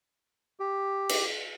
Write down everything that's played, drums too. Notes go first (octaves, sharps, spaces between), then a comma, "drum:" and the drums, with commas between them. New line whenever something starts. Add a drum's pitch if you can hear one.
G4
drum: cymbal